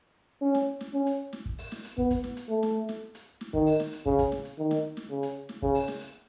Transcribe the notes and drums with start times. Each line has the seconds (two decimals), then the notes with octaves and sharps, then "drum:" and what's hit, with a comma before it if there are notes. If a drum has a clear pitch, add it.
0.42 C#4
0.55 drum: snare
0.81 drum: snare
0.93 C#4
1.07 drum: hi-hat
1.33 drum: snare
1.46 drum: kick
1.59 drum: open hi-hat
1.72 drum: snare
1.85 drum: hi-hat
1.98 B3, drum: kick
2.11 drum: kick, hi-hat
2.24 drum: snare
2.37 drum: hi-hat
2.49 A3
2.63 drum: snare
2.89 drum: snare
3.15 drum: hi-hat
3.41 drum: snare
3.54 D#3, drum: kick
3.67 drum: open hi-hat
3.80 drum: snare
3.93 drum: hi-hat
4.06 C#3, drum: kick
4.19 drum: kick, hi-hat
4.32 drum: snare
4.45 drum: hi-hat
4.58 D#3
4.71 drum: snare
4.97 drum: snare
5.10 C#3
5.23 drum: hi-hat
5.49 drum: snare
5.62 C#3, drum: kick
5.75 drum: open hi-hat
5.88 drum: snare
6.01 drum: hi-hat